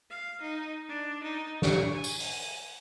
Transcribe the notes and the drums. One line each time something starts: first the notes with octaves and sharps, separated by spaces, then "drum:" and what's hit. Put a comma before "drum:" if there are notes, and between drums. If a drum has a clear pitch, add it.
F5
D#4
D4
D#4
C#6, drum: snare
G#5
drum: tambourine
drum: open hi-hat